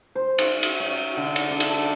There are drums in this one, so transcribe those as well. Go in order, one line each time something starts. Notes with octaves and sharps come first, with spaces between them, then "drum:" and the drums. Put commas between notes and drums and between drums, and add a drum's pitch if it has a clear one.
C5
C#6, drum: cymbal
drum: cymbal
C#5
D3
drum: cymbal
D4
drum: cymbal
A4